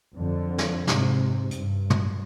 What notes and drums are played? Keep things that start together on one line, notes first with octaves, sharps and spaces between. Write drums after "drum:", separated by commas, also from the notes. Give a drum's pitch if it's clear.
F2 D3
drum: snare
G#2 C3, drum: snare
G2, drum: hi-hat
drum: tom